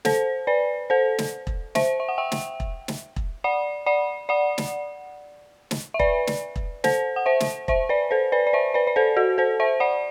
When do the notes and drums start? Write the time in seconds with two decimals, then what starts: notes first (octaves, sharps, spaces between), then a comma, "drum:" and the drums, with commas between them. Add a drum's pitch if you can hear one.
0.05 A4 C5, drum: snare
0.47 B4 D5
0.90 A4 C5
1.18 drum: snare
1.47 drum: kick E1
1.75 C5 E5, drum: snare
2.00 E5
2.08 F#5
2.18 E5 G5
2.32 drum: snare
2.60 drum: kick E1
2.88 drum: snare
3.16 drum: kick E1
3.44 D5 F#5
3.86 D5 F#5
4.29 D5 F#5
4.58 drum: snare
5.71 drum: snare
5.94 E5
5.99 B4 D5, drum: kick E1
6.27 drum: snare
6.56 drum: kick E1
6.84 A4 C5, drum: snare
7.16 F#5
7.26 C5 E5
7.40 drum: snare
7.68 C5 E5, drum: kick E1
7.89 B4 D5
8.11 A4 C5
8.32 B4 D5
8.47 D5
8.53 C5 E5
8.74 B4 D5
8.87 D5
8.96 A4 C5
9.16 F#4 A4
9.38 A4 C5
9.60 C5 E5
9.80 D5 F#5